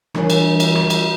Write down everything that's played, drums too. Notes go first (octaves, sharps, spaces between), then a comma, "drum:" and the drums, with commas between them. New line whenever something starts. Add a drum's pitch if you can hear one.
E3 G3 D4 A#4 C#5 G#5, drum: rim click
drum: cymbal
drum: cymbal
drum: rim click
drum: cymbal